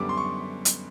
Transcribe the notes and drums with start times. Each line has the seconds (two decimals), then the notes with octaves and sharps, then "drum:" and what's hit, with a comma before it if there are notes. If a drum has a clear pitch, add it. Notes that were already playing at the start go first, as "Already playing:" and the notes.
Already playing: F#2 D3 G3 B3 D6
0.09 C6
0.17 C#6
0.65 drum: hi-hat